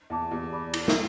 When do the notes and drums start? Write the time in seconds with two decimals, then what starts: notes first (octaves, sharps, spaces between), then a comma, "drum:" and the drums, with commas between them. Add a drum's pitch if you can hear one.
0.10 E2 E5 A5 D6
0.31 E2 G4
0.53 D5 B5 D6
0.74 E4, drum: cymbal
0.88 drum: snare